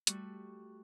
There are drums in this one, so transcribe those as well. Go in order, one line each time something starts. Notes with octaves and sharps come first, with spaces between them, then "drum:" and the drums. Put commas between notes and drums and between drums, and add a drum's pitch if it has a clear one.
G3 A3 F#4, drum: hi-hat